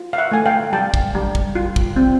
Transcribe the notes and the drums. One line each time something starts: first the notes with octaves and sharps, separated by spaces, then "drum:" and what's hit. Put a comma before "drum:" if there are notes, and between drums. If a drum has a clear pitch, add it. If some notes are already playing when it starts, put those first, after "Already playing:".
Already playing: F4
F5
E5 F#5
A3 G#5
F5 G5
G3 G5 A5
drum: kick
G3
drum: kick
F4
drum: kick
C4